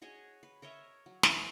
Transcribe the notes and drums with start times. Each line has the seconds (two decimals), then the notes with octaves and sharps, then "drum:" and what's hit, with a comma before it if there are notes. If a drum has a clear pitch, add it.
0.02 F#4 G#4 C#5 D#5
0.43 B4
0.62 A#4 C#5 D#5 E5
1.06 F#3
1.23 D#3 E3 B4, drum: snare